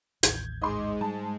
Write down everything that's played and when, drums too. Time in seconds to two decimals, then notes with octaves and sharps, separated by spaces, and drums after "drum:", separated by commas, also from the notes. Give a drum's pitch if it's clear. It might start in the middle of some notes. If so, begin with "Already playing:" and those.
0.23 A1 D#2 G6 G#6, drum: hi-hat
0.62 G#2 G#3 D#5 C6 D6
1.01 G3 A5